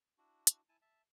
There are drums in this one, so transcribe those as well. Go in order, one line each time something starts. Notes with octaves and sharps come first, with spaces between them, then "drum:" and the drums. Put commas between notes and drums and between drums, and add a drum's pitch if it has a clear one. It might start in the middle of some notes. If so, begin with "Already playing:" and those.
D4 E4 F#4
drum: hi-hat
E4 G#5 A5
E5 A5